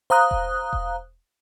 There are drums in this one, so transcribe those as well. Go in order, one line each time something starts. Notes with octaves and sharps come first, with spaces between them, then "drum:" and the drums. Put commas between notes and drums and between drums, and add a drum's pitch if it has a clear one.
C5 F5 A#5 D#6 F#6
drum: kick E1
drum: kick E1